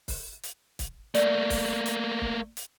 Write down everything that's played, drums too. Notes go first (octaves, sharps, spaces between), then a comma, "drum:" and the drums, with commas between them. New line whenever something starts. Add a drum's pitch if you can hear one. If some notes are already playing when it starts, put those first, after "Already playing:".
drum: kick, open hi-hat
drum: hi-hat
drum: kick, hi-hat
A3 A#3 D5, drum: hi-hat
drum: kick, open hi-hat
drum: hi-hat
drum: kick
drum: hi-hat